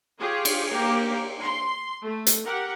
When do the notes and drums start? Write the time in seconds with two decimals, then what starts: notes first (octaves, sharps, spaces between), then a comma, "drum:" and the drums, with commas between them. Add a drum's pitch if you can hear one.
0.19 F4 G4 G#4 C#5
0.45 drum: cymbal
0.70 A#3 G4
1.40 C6
2.03 A3
2.27 drum: hi-hat
2.45 G4 A#4 F#5